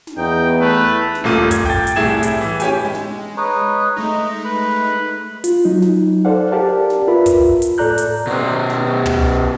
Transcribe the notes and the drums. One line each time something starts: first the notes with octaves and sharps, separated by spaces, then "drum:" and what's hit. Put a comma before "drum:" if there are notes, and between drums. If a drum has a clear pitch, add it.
drum: snare
E2 D#4 G5
A3 B4
drum: snare
D#1 A#2 A3 F4 D6 D#7
G#6, drum: kick, hi-hat
G5 A6
drum: hi-hat
C2 A2 E4 G#4 G#6 E7
drum: hi-hat
E3
C#4 G4 G#5, drum: hi-hat
G#3
drum: snare
D#4 B4 C#5
G#3 A3 D#4 D#5
B4 B5
F4, drum: hi-hat
F#3 D#4
drum: snare
A4 C5 D5 F5 F#5
G4 A#4 D5 F5 F#5 A5
drum: snare
F4 A#4 B4 E5 B5
drum: kick, hi-hat
drum: hi-hat
A2 A4 D5 A#5 F#6 G6
drum: hi-hat
B2 C5
drum: snare
drum: tom